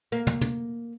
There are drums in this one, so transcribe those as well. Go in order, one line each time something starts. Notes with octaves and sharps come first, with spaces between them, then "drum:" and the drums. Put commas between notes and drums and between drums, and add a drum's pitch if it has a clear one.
A#3
drum: tom
drum: tom